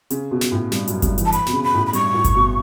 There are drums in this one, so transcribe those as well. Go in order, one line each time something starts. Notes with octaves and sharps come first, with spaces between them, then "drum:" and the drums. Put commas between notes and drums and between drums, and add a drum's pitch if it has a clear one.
C#3, drum: hi-hat
B2
drum: snare
A2
G2, drum: snare
F#2, drum: hi-hat
G2, drum: kick G1, hi-hat
E3, drum: hi-hat
A5
B5, drum: hi-hat
B2, drum: snare
C#3
B5
A2
B5
G2 C#6, drum: hi-hat
A2
drum: kick G1, hi-hat
B2